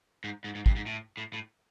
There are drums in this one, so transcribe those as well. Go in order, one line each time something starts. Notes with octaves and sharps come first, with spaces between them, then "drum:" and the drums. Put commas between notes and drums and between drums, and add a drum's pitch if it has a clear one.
G#2
G#2
G#2
G2, drum: kick
G#2
A2
A2
A2